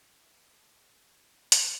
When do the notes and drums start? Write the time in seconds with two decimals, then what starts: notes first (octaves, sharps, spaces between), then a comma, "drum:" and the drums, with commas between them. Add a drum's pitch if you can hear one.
0.13 D5
0.23 E5
0.34 G#4
0.45 B4
0.56 A4
0.68 G#4
0.79 G#4
0.90 G#4
1.52 drum: hi-hat